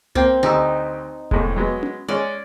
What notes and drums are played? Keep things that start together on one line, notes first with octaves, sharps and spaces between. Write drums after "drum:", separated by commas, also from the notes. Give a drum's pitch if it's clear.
A#3 C4 G5, drum: tom C2
D2 D#4 G4 E6
C2 A2 G#3, drum: kick E1
F#3 G#3 B3
drum: tom C#4
G#3 C#4 C#5 D5